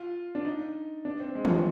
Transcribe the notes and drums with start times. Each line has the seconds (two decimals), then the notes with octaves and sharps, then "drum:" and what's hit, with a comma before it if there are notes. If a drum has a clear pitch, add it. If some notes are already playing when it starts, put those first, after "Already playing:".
Already playing: F4
0.35 D4
0.45 D#4
1.05 D4
1.20 C4
1.35 G#3
1.45 F3, drum: tom E3
1.55 D#3